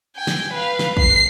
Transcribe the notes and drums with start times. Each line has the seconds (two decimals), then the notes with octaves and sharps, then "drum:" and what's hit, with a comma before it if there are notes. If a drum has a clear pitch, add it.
0.16 G5 G#5
0.27 drum: snare
0.54 B4 F5
0.79 drum: snare
0.97 C7, drum: kick